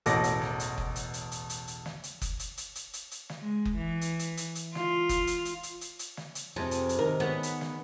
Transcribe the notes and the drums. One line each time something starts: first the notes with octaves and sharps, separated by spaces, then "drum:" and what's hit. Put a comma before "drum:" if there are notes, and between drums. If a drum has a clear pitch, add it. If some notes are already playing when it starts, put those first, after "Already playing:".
E1 A1 A4 D6 A#6, drum: hi-hat
drum: hi-hat
drum: snare
drum: hi-hat
drum: kick F#1
drum: hi-hat
drum: hi-hat
drum: hi-hat
drum: hi-hat
drum: hi-hat
drum: snare
drum: hi-hat
drum: kick F#1, hi-hat
drum: hi-hat
drum: hi-hat
drum: hi-hat
drum: hi-hat
drum: hi-hat
drum: snare
G#3
drum: kick F#1
E3
drum: hi-hat
drum: hi-hat
drum: hi-hat
drum: hi-hat
F4, drum: snare
drum: kick F#1, hi-hat
drum: hi-hat
drum: hi-hat
drum: hi-hat
drum: hi-hat
drum: hi-hat
drum: snare
drum: hi-hat
F2 C3 G#4
drum: hi-hat
drum: hi-hat
D#3 A#4
B3 G#4 C#5 F#5
drum: hi-hat
drum: snare